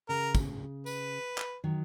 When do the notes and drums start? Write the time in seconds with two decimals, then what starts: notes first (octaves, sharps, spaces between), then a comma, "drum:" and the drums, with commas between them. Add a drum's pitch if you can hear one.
0.09 C#3 A#4
0.35 drum: kick, tambourine
0.86 B4, drum: tambourine
1.38 drum: clap
1.64 D#3 F#3